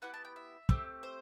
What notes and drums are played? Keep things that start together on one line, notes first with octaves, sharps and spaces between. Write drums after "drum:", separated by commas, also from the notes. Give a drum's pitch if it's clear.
B3 E4 G4 F#5
A5
G5
E5
A3 C4 G4, drum: kick
C5